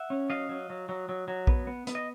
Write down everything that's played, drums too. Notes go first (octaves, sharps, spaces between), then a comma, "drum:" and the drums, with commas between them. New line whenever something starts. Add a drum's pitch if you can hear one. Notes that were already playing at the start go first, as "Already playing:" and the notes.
Already playing: E5 F#5
C#4
F#3 D#5 F5
F#3
F#3
F#3
F#3
F#3
B3, drum: kick A#1
B3
B3, drum: hi-hat
D#5